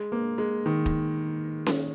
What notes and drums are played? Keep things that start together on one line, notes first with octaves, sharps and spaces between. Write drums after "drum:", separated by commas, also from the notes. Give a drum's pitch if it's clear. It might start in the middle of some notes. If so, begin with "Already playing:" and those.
Already playing: G#3
A#3
G#3
D#3
drum: kick
drum: snare C#4